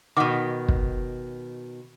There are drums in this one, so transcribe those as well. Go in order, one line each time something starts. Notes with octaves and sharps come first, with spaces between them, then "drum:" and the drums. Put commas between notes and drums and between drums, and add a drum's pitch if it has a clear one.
B2 D#3 F#5 D6
drum: kick